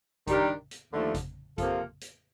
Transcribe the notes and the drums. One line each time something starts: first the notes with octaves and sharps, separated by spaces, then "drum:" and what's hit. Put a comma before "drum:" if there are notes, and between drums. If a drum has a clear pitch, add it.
D#3 G3 D4 G4 A#4, drum: kick, hi-hat
drum: hi-hat
D#2 D3 F3 A3
drum: kick, hi-hat
C3 F3 A#3 F4 A4, drum: kick, hi-hat
drum: hi-hat